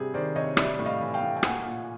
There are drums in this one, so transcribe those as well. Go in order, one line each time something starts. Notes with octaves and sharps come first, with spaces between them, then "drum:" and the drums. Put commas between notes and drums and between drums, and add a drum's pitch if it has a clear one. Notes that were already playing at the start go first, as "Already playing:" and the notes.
Already playing: C3 G3 G#4
D#3 C5 D5
C3 C#5 D#5
G3 D5 E5, drum: rim click
A2
D#5 F5
E3
F5 G5
A2
G5
A#3 F#5 G#5, drum: rim click
A#2